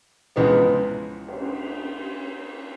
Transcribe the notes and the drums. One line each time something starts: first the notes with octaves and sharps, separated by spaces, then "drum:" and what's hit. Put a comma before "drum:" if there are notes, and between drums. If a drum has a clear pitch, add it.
C#2 G#2 E3 F3 B3
drum: cymbal